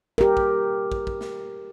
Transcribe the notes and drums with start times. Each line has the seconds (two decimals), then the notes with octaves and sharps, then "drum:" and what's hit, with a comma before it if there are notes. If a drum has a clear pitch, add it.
0.18 G4 A#4, drum: kick
0.37 drum: kick
0.92 drum: kick
1.07 drum: kick
1.21 drum: snare